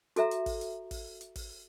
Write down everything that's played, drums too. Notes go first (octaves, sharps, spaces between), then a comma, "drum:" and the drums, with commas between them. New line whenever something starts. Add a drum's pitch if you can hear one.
F#4 A4 E5 A#5, drum: hi-hat
drum: hi-hat
drum: kick, open hi-hat
drum: hi-hat
drum: kick, open hi-hat
drum: hi-hat
drum: kick, open hi-hat